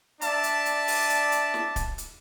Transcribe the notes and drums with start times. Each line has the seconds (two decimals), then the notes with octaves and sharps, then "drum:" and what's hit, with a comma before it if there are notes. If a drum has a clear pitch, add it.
0.21 D4 D5 E5 A5, drum: hi-hat
0.43 drum: hi-hat
0.66 drum: hi-hat
0.88 drum: open hi-hat
1.10 drum: hi-hat
1.32 drum: hi-hat
1.54 drum: snare
1.76 drum: kick D1, hi-hat
1.98 drum: hi-hat